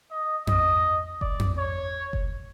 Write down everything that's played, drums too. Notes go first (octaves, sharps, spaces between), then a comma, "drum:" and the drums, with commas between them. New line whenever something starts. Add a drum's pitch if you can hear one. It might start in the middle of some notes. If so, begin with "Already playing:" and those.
D#5
D#5, drum: tom F2
D5, drum: kick F#1
drum: tom F2
C#5
drum: kick F#1